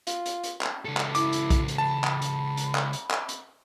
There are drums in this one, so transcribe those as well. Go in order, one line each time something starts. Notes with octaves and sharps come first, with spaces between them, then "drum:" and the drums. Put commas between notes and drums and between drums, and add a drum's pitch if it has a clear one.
F4, drum: hi-hat
drum: hi-hat
drum: hi-hat
drum: clap
C#2 A4
drum: clap
E4 D6, drum: hi-hat
drum: hi-hat
drum: kick B1, hi-hat
drum: hi-hat
A5 B5
drum: clap
drum: hi-hat
drum: hi-hat
drum: clap
drum: hi-hat
drum: clap
drum: hi-hat